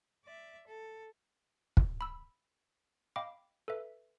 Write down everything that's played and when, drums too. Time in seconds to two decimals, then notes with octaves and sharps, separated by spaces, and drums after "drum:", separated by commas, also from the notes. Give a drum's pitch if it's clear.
0.25 D5 E5
0.67 A4
1.77 drum: kick
2.01 B5 E6
3.16 D#5 F5 G5 B5 D6
3.68 A4 B4 E5